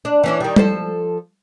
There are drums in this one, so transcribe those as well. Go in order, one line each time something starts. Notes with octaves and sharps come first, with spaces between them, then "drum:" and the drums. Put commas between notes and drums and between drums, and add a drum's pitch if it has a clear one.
D4
E3 C#4 D4
D#3 G3
F3 A4 C5, drum: tom G3